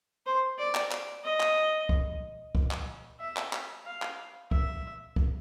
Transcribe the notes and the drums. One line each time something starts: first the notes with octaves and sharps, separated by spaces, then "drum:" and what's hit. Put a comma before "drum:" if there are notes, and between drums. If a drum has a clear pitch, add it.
C5
D5
drum: clap
drum: clap
D#5
drum: clap
drum: kick C2
drum: kick C2
drum: clap
E5
drum: clap
drum: clap
F5
drum: clap
E5, drum: kick C2
drum: kick C2